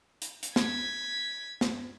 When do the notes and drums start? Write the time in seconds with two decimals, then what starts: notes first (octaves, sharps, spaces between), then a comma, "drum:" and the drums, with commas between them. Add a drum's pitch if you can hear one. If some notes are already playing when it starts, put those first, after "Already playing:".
0.22 drum: hi-hat
0.43 drum: hi-hat
0.56 G#6 B6, drum: snare
1.61 drum: snare